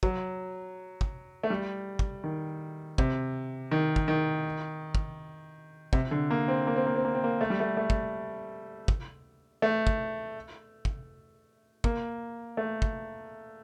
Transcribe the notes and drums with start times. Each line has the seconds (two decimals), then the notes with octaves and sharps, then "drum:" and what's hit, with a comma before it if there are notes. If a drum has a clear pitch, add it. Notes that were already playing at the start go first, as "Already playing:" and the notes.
0.03 F#3, drum: kick
1.01 drum: kick
1.43 A3
1.50 G3
1.99 drum: kick
2.24 D#3
2.98 C3, drum: kick
3.71 D#3
3.96 drum: kick
4.08 D#3
4.95 drum: kick
5.93 C3, drum: kick
6.11 D3
6.30 A#3
6.48 C4
6.67 A#3
6.76 C4
6.86 A#3
6.96 C4
7.04 A#3
7.15 C4
7.24 A#3
7.41 A3
7.50 G3
7.60 A3
7.77 A3
7.90 drum: kick
8.88 drum: kick
9.62 A3
9.87 drum: kick
10.85 drum: kick
11.84 A#3, drum: kick
12.57 A3
12.82 drum: kick